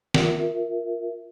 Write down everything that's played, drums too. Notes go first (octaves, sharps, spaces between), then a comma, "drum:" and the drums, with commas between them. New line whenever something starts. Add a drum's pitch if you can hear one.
F4 A#4 E5, drum: snare